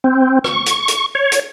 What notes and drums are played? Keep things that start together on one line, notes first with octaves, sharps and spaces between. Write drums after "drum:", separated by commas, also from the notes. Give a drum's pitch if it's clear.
C4
C#6, drum: rim click
drum: hi-hat
drum: hi-hat
C#5
drum: hi-hat